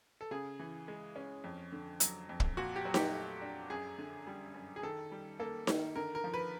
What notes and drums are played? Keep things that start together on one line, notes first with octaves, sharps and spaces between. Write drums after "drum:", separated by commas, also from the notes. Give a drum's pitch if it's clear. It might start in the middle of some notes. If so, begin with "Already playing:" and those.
A4
C#3 G#4
E3
G#3
C#4
F2
D3
F#3, drum: hi-hat
F2
drum: kick
A#2 F#4
G4
F#3
G4, drum: snare D#4
A3
D4
F#2 G#4
D3
G3
F#2
G#4
D#3 A4
G3
A#3 A4
D#3, drum: snare D#4
D3 A#4
A#4
F3
B4